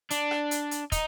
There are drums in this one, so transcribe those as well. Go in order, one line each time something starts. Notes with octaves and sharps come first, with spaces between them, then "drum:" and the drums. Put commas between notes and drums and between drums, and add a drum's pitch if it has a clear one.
D4, drum: hi-hat
drum: rim click
drum: hi-hat
drum: hi-hat
D#4, drum: kick, hi-hat